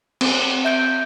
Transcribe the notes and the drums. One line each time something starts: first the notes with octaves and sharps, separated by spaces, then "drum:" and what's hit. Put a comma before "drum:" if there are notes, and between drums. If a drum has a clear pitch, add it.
C4, drum: cymbal
E5 G6 D7